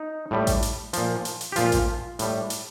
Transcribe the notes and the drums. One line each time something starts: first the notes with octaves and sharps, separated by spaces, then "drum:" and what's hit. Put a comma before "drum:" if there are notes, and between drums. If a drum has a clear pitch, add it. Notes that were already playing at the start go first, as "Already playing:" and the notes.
Already playing: D#4
A2 G3
drum: kick A1, hi-hat
drum: hi-hat
A#2 F3, drum: hi-hat
drum: hi-hat
drum: hi-hat
G4
A#2 F3 F4, drum: hi-hat
drum: kick A1, hi-hat
A2 G3, drum: hi-hat
drum: hi-hat